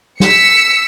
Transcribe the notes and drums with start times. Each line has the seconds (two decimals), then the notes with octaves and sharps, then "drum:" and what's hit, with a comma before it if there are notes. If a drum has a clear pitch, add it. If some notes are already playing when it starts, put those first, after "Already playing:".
0.20 E6 B6 C#7, drum: snare